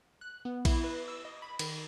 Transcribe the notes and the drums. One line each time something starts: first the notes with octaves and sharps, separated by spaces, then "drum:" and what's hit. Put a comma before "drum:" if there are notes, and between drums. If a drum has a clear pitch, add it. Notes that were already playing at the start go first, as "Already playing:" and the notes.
F#6
B3
E4, drum: kick A#1, cymbal
B4
E6
D#5
B5
D#3, drum: cymbal